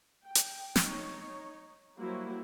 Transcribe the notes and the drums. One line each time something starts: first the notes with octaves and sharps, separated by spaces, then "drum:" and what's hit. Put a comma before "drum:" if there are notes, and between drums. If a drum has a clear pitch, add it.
G5
drum: hi-hat
D#4 C#5, drum: snare
F#3 G3 A#3 E4 F#4 C5